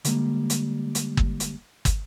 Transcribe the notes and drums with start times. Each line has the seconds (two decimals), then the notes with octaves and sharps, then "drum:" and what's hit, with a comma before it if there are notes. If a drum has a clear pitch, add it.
0.05 D3 G3 G#3 A#3, drum: hi-hat
0.50 drum: hi-hat
0.95 drum: hi-hat
1.17 drum: kick
1.40 drum: hi-hat
1.85 drum: kick, hi-hat